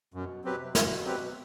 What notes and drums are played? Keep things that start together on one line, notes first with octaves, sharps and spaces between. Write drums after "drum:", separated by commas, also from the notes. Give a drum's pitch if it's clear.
F#2 B2
B2 F#3 C4 G4 B4
C3
B2
F#2, drum: snare
F#3 C4 G4 B4